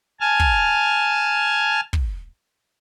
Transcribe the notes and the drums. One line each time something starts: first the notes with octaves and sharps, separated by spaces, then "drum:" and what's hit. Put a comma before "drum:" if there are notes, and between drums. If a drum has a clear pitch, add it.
G#5 A5 F6
drum: kick
drum: kick